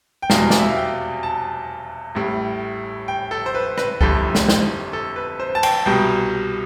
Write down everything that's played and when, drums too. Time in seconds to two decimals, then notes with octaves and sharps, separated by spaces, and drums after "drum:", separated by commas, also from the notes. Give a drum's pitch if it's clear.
0.22 G5
0.30 F1 E2 B2 G3 F5, drum: snare
0.50 D5, drum: snare
0.59 E5
0.68 F5
0.77 G5
1.23 A5
2.15 A1 A2 G3
3.08 G5
3.31 A4
3.46 C5
3.55 B4
3.78 B4, drum: rim click
4.01 G1 F2 E3 G3 A4, drum: kick C#2
4.35 drum: snare
4.49 drum: snare
4.93 A4
5.16 B4
5.40 C5
5.55 A5
5.63 G5, drum: cymbal
5.86 C2 B2 G3 G5